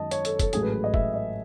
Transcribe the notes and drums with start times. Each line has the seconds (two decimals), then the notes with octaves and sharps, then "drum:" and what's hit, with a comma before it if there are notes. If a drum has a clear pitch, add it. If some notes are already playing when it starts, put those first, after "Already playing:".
Already playing: F#2 D#3 G#3 D#5 A5
0.11 C#5, drum: hi-hat
0.25 A4, drum: hi-hat
0.39 A4, drum: kick F1, hi-hat
0.53 A1 G#2 F#3 A3 G#4, drum: hi-hat
0.63 B4
0.73 B4
0.84 D#5
0.94 E5, drum: kick F1
1.14 D#5